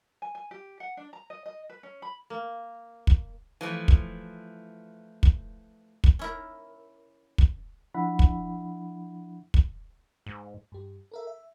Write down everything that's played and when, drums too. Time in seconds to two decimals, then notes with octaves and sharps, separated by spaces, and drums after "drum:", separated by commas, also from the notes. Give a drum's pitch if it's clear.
0.22 G#5
0.35 G#5
0.51 G4
0.80 F#5
0.97 D4
1.13 A#5
1.30 D#5
1.46 D#5
1.69 B4
1.83 C#4
2.02 B5
2.30 A#3
3.07 drum: kick
3.61 E3 F3 A3
3.88 drum: kick
5.23 drum: kick
6.04 drum: kick
6.19 C#4 E4 A#4
7.38 drum: kick
7.94 F3 D4 E4 E5 F#5 B5
8.19 drum: kick
9.54 drum: kick
10.26 G#2
10.72 G2 G4
11.11 A4 A#4 E5
11.27 E5